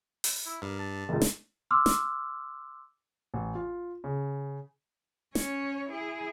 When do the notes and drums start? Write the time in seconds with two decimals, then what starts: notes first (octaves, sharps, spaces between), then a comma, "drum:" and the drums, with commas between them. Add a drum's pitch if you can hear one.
0.24 drum: open hi-hat
0.46 E4
0.62 G2 A#4
0.79 A5
1.09 F#1 C#2
1.22 drum: snare
1.71 C6 D6 E6 F6
1.86 drum: snare
3.34 A1
3.55 F4
4.04 C#3
5.35 C#4 C#5, drum: snare
5.89 E4 G#4